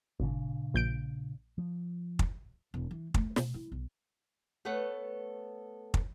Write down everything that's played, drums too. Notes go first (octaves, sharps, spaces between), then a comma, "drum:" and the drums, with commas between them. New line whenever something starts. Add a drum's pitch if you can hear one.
G#1 A#2 C#3 D4
A#1 G6 D7
F3
drum: kick
E1
E3
A3, drum: kick
B2, drum: snare
E4
B1
A3 B3 A4 B4 C#5 F#5
drum: kick